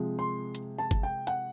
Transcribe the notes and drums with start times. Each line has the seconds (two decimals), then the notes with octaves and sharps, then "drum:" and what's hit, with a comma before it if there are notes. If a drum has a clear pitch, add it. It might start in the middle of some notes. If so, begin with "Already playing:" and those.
Already playing: C3 F3 G#3
0.19 C6
0.55 drum: hi-hat
0.79 A5
0.91 drum: kick G1, hi-hat
1.03 G5
1.27 F#5, drum: hi-hat